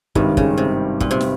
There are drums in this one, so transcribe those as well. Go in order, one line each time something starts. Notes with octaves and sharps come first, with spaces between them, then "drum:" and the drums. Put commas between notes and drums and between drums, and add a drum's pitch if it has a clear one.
G#1 G2 C3 D#3 G3, drum: kick
C#3, drum: kick
C3
A#2, drum: kick
C3
drum: snare